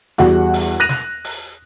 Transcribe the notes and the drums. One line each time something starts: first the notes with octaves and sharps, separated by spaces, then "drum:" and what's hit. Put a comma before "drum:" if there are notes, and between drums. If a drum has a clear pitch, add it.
E2 G3 F#4 G#4 F#5, drum: snare
drum: open hi-hat
F#6 A#6 D#7 F7
drum: snare
drum: open hi-hat